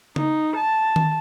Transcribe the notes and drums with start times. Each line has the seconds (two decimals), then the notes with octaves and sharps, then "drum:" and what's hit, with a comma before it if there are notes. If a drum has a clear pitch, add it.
0.16 D#4, drum: tom C#3
0.56 A5
0.96 drum: tom D#3